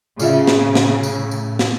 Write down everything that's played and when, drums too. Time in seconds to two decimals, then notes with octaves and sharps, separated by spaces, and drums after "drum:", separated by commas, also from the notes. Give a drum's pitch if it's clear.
0.19 A2 C#3 C#4 F4 E5, drum: tambourine
0.47 drum: snare
0.75 drum: snare
1.03 drum: tambourine
1.31 drum: tambourine
1.59 drum: snare